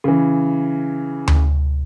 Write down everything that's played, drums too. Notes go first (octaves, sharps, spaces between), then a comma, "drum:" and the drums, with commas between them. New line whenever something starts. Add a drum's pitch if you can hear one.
C#3 E3
drum: tom D2